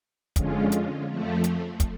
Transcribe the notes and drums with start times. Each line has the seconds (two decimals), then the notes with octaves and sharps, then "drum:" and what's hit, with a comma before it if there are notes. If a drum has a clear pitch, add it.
0.36 F2 D3 G#3 C#4 F4, drum: kick, hi-hat
0.72 drum: hi-hat
1.08 F2 F3 A3
1.44 drum: hi-hat
1.80 drum: kick, hi-hat